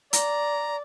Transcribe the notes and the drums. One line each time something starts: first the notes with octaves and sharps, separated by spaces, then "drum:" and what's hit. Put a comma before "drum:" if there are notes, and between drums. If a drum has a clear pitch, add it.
D5 A#5, drum: hi-hat